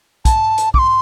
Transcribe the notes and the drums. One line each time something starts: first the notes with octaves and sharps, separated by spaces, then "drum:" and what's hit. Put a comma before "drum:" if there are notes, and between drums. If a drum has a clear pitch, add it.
A5, drum: kick, hi-hat
drum: hi-hat
D6, drum: kick
C6